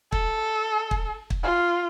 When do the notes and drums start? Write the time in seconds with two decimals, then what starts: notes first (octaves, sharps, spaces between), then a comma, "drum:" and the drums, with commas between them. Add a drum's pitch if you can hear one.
0.12 A4, drum: kick
0.91 drum: kick
1.30 drum: kick
1.43 F4